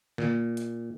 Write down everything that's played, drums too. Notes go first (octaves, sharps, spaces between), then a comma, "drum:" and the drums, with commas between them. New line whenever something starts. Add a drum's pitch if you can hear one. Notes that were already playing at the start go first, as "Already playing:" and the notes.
A#2, drum: snare
drum: hi-hat